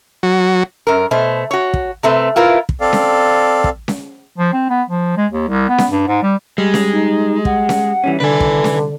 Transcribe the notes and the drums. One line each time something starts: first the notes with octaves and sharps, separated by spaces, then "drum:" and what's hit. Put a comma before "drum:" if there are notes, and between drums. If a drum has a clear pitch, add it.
F#3
F#2 A#4
B2 A3 C5
F#4 C#5
drum: kick
C3 A3 C4 B4
E4 F4 A#4 B4
drum: kick
C4 A4 D5 F5
drum: snare C#4
drum: kick
drum: snare C#4
F3
C4
B3
F3
G#3
D#2
C2
B3
drum: snare C#4
G2
G#2
G3
G3 G#3
drum: snare C#4
D#4
F#5, drum: kick
drum: snare C#4
E3 G3 C#4
C2 D3 D4 B4 G#5
drum: kick
drum: snare C#4